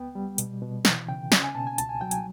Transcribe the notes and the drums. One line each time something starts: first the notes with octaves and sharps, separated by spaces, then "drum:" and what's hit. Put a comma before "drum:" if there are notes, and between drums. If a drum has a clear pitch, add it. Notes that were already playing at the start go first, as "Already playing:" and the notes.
Already playing: C#2 B3 G5
G3
B2, drum: hi-hat
B2
E3, drum: snare
C#3 G5
C#4 G#5, drum: snare
G#5
B2 A5
G#5
C#2 A5, drum: hi-hat
G#5
F#3 G5
G#5, drum: hi-hat